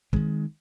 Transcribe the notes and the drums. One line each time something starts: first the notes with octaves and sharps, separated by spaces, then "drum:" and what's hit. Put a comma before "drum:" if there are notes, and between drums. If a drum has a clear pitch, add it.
D#3 G#3 C4, drum: kick